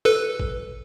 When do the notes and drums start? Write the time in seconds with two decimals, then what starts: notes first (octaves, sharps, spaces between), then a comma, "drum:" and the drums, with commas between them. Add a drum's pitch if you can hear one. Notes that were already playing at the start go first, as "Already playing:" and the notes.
0.05 A4 B4
0.40 drum: kick G#1